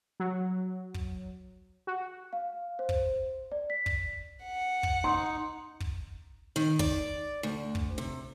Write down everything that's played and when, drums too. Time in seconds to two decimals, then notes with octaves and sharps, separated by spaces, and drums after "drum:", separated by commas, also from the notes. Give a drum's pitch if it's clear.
0.20 F#3
0.94 drum: kick
1.87 F#4
2.33 F5
2.79 C5
2.89 drum: kick
3.52 D5
3.70 B6
3.86 drum: kick
4.44 F#5
4.83 drum: kick
5.04 D#4 C6
5.80 drum: kick
6.56 D#3
6.79 D5, drum: kick
7.43 D2
7.75 drum: kick
7.98 C3